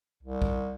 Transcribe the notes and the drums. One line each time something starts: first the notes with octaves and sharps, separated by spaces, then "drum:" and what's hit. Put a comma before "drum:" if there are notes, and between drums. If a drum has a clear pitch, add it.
C2
drum: kick B1